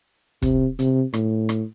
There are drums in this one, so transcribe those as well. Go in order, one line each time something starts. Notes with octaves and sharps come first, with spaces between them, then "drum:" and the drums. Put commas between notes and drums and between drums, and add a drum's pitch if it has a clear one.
C3, drum: kick, hi-hat
C3, drum: hi-hat
A2, drum: rim click
drum: rim click